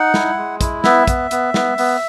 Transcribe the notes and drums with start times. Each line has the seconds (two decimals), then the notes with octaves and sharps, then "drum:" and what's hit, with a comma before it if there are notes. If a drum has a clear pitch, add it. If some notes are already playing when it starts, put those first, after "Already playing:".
Already playing: D#4 F#5
0.14 E4, drum: snare
0.37 G#3
0.61 E4, drum: kick, hi-hat
0.84 B3 E5, drum: snare
1.07 B3, drum: kick, hi-hat
1.31 B3, drum: hi-hat
1.54 B3, drum: snare
1.78 B3, drum: open hi-hat